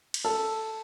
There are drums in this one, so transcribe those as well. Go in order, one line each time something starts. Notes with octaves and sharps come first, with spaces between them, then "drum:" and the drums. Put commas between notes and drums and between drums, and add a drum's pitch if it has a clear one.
drum: cymbal
A4